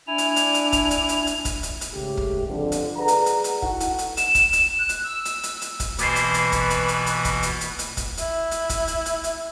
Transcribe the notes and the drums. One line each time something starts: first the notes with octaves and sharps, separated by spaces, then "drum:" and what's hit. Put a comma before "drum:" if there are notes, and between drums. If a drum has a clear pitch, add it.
D4 E4 G#5 F7
drum: hi-hat
drum: hi-hat
drum: hi-hat
drum: kick, hi-hat
drum: hi-hat
drum: hi-hat
drum: hi-hat
drum: kick, hi-hat
drum: hi-hat
drum: hi-hat
G#2 C#3 A3 G4
drum: kick
G1 F2 D3
drum: hi-hat
G#4 B4 D5 F#5 A#5
drum: hi-hat
drum: hi-hat
drum: hi-hat
D#4 E4 F#4 A4 F#5, drum: kick
drum: hi-hat
drum: hi-hat
E7, drum: hi-hat
drum: kick, hi-hat
drum: hi-hat
F#6
drum: hi-hat
E6
drum: hi-hat
drum: hi-hat
drum: hi-hat
drum: kick, hi-hat
B2 E3 A#3 B3 B4 C5, drum: hi-hat
drum: hi-hat
drum: hi-hat
drum: kick, hi-hat
drum: hi-hat
drum: hi-hat
drum: hi-hat
drum: kick, hi-hat
drum: hi-hat
drum: hi-hat
drum: hi-hat
drum: kick, hi-hat
E4, drum: hi-hat
drum: hi-hat
drum: kick, hi-hat
drum: hi-hat
drum: hi-hat
drum: hi-hat